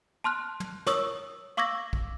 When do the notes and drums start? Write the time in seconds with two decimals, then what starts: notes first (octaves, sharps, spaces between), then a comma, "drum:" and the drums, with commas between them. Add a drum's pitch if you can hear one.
0.24 A5 C6 F6 F#6
0.60 drum: tom
0.86 A#4 C#5 C#6 D#6 E6, drum: snare
1.57 F5 C#6 D6 E6 G#6 A#6
1.93 drum: kick